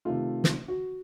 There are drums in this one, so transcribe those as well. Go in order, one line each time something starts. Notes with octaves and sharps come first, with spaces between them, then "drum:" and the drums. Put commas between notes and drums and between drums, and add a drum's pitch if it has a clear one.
C3 D#3 A3 F4
drum: snare
F#4